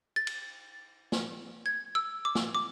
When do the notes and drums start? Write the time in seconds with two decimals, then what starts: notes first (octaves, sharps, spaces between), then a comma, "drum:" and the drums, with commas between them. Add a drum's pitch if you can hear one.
0.16 A6
0.27 drum: cymbal
1.12 drum: snare
1.66 G#6
1.95 E6
2.25 D6
2.35 drum: snare
2.55 D6